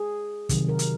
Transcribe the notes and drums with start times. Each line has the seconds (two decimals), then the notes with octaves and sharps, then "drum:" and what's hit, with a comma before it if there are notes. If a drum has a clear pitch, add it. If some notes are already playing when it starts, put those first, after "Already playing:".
Already playing: G#4
0.49 C3 D#3 F#3, drum: kick, hi-hat
0.69 A#4
0.79 drum: hi-hat